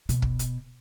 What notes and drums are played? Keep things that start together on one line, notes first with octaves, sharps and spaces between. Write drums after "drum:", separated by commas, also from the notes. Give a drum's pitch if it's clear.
B2, drum: hi-hat
drum: kick
drum: hi-hat